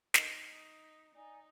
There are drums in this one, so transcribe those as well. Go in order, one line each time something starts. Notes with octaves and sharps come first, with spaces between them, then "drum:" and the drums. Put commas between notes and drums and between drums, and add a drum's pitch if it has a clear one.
D#3 A3 D#5, drum: snare
D#4
D#4 D5 G#5 A#5